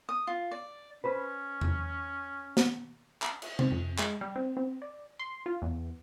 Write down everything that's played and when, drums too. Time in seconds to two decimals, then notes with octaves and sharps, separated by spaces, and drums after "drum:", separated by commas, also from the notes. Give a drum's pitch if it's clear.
0.09 D#6
0.27 F4
0.51 D5
1.04 C#4 B4 C5 B5
1.61 drum: tom E2
2.57 drum: snare
3.22 drum: clap
3.42 drum: cymbal
3.59 C4, drum: tom C3
3.72 F2
3.99 G#3, drum: clap
4.21 G3
4.36 C4
4.57 C4
4.82 D5
5.19 C6
5.46 F4
5.62 E2